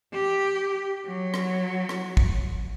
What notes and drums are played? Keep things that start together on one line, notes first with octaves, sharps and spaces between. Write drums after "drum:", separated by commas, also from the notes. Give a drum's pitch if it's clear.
G4
F#3
drum: rim click
drum: rim click
drum: kick